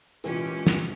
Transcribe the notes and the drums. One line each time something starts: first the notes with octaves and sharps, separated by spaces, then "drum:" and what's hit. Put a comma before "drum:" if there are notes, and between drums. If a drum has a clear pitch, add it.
C2 A#2 E3 G#3 C#4 G4, drum: tambourine
drum: tambourine
drum: snare